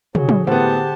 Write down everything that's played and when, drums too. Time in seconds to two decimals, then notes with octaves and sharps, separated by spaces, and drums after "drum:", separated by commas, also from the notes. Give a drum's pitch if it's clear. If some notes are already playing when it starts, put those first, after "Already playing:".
0.15 D3 F#3 G#4, drum: tom
0.29 drum: tom
0.47 A2 B3 G4 C5 F#5 A5